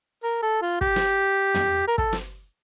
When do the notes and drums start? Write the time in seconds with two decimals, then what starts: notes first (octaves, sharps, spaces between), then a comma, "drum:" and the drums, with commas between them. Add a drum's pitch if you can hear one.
0.23 A#4
0.43 A4
0.62 F4
0.81 G4, drum: kick
0.96 drum: snare
1.54 drum: tom
1.88 A#4
1.98 A4, drum: kick
2.13 drum: snare